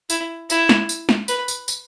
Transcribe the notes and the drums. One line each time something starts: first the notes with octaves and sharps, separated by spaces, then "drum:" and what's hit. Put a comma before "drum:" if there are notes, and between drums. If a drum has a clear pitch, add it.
E4, drum: tambourine
E4, drum: tambourine
drum: snare
drum: tambourine
drum: snare
B4, drum: tambourine
drum: tambourine
drum: tambourine